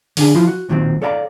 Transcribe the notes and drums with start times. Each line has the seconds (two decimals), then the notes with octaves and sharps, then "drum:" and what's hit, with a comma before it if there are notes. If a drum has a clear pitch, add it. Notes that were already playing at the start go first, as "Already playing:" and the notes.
0.17 D3 D4 G#4, drum: open hi-hat
0.35 F3 E4 F4 C6
0.47 F#4
0.69 B1 A#2 D#3 E3 F#3 C4
1.02 A4 C#5 D5 F5 A5 A#5